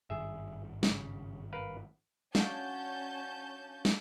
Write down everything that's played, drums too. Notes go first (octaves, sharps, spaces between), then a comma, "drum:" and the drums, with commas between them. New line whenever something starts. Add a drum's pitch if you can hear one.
G#1 G2 D#3 G#4 E5
C#3, drum: snare
A#4 B4 F5
F#3 C#4 D4 F5 A5 G6, drum: snare
drum: snare